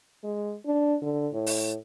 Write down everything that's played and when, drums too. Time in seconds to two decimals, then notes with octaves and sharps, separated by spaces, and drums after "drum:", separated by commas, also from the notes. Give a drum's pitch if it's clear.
0.24 G#3
0.65 D4
1.02 D3
1.33 A2
1.46 drum: open hi-hat